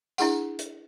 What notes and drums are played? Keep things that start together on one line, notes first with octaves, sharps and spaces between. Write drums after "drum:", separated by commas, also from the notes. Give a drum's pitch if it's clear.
D4 E4 G#4 F#5, drum: tambourine
drum: hi-hat